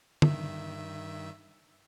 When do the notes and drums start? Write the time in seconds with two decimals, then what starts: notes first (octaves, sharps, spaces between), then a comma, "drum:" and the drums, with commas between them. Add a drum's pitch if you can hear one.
0.22 G2 D#3 E5, drum: tom